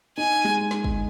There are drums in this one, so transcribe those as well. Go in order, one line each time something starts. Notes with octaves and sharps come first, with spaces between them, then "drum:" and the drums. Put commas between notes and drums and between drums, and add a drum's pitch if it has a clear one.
D#4 G#5
G#3
drum: snare
drum: kick